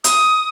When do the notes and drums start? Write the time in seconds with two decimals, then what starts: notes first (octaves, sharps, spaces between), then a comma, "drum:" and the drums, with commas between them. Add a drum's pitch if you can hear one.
0.04 D#6, drum: hi-hat